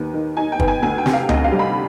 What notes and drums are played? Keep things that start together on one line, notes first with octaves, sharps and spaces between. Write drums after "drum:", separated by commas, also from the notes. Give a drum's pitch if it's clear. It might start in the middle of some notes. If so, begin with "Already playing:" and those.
Already playing: D#2 D#3 B3
D#3
D#4 G#5
G5
B3, drum: kick
G#5
D2 G#5
G5
C3, drum: snare
F5
D2 D#5, drum: tom C#2
F5
G3
B5